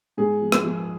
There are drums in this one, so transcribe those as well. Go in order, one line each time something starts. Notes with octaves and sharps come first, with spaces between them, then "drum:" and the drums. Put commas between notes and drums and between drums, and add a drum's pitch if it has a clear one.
G#2 G#4
F3
drum: rim click
F3